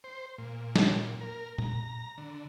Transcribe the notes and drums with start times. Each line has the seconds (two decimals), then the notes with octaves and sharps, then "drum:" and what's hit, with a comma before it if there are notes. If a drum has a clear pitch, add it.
0.04 C5
0.38 A#2
0.76 drum: snare
1.21 A#4
1.58 A#5, drum: tom A#2
2.18 D3